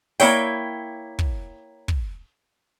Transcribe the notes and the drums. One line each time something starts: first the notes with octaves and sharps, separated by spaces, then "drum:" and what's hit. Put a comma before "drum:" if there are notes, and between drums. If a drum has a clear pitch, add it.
A#3 E4 C#5 G5, drum: open hi-hat
drum: kick
drum: kick